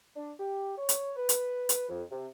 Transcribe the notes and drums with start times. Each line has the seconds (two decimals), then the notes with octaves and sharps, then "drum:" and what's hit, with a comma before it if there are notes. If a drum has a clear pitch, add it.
0.16 D4
0.39 G4
0.78 C#5
0.89 drum: hi-hat
1.16 B4
1.29 drum: hi-hat
1.69 drum: hi-hat
1.89 F2
2.11 C3